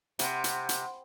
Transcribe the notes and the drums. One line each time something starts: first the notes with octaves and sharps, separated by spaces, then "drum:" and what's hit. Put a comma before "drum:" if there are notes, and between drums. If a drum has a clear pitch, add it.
C3 F#5 B5 C6, drum: hi-hat
drum: hi-hat
drum: hi-hat